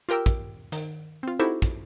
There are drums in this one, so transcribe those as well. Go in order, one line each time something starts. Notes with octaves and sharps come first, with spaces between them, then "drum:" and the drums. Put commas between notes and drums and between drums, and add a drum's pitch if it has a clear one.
F4 G4 A#4 G5 E6
drum: kick, hi-hat
D#3, drum: hi-hat
C4 F4
D#4 E4 F#4 G4 A4 C5
drum: kick, hi-hat